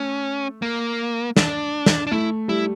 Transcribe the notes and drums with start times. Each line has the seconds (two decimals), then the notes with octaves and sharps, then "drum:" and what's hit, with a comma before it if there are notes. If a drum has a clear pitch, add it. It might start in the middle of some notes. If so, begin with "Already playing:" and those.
Already playing: A3 C#4
0.62 A#3
1.37 D4, drum: snare
1.86 drum: snare
2.07 D4
2.12 A3 E4
2.48 G3 E4